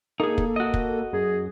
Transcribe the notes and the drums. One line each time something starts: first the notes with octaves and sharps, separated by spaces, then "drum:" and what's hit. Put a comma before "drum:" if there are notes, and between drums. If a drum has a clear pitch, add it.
A#3 D#4 G#4 A4
drum: kick
F#4 D#5
drum: kick
F#2 G#4